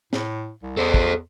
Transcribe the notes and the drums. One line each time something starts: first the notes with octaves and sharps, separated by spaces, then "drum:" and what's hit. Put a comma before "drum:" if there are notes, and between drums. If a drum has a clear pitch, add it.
A2, drum: snare
C2
E2 A4 C5
drum: kick